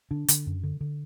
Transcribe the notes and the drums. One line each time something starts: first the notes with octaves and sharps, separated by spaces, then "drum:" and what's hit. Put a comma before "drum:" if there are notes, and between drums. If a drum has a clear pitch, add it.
D3 D4
D3, drum: hi-hat
F#2
D3
D3